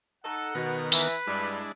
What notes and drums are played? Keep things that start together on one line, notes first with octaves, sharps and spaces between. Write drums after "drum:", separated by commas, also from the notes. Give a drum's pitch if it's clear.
D#4 A4 F#5
B2 D#3 B3 A#4
E3 B4, drum: open hi-hat
G2 G3 G#3 D4 E4